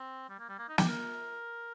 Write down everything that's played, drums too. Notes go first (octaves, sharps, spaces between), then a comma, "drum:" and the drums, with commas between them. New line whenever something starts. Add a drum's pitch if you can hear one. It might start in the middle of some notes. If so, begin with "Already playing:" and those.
Already playing: C4
G3
A#3
G3
A#3
D#4
G4, drum: snare
A#4